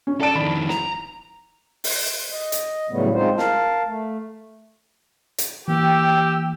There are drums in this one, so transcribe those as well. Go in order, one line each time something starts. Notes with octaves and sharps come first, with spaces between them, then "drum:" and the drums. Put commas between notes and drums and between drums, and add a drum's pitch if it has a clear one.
C#4
A4 D5 A5 D7
F2 D#3 B5
A#5, drum: snare
drum: open hi-hat
D#5
drum: hi-hat
A2 C#3 F#3 G3 A3 B3
G#3 C4 D#4 F4 C5
A#4 F5 A5, drum: snare
A3
drum: hi-hat
E3 A#3 G4 G5 E6